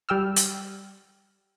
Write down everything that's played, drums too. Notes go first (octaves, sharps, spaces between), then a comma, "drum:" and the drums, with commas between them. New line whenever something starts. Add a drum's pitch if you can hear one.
G3 G5 E6 F6
drum: hi-hat